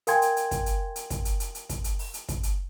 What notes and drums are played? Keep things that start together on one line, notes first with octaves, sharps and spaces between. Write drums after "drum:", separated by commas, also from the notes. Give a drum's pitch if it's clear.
A#4 F5 G5 G#5 C6 G#6, drum: hi-hat
drum: hi-hat
drum: hi-hat
drum: kick, hi-hat
drum: hi-hat
drum: hi-hat
drum: kick, hi-hat
drum: hi-hat
drum: hi-hat
drum: hi-hat
drum: kick, hi-hat
drum: hi-hat
drum: open hi-hat
drum: hi-hat
drum: kick, hi-hat
drum: hi-hat